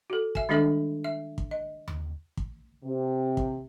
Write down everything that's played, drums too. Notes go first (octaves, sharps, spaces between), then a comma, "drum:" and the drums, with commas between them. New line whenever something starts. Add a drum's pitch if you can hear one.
F#4 A4
E5 G#5, drum: kick
D#3 G3 G#3 D4 A4 E5
E5
drum: kick
D#5
drum: tom D#2
drum: kick
C3
drum: kick